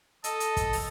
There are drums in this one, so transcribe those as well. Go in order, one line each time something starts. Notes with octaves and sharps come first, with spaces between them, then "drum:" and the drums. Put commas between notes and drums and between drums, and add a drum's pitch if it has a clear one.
A4 D#5, drum: hi-hat
drum: hi-hat
drum: kick, hi-hat
drum: open hi-hat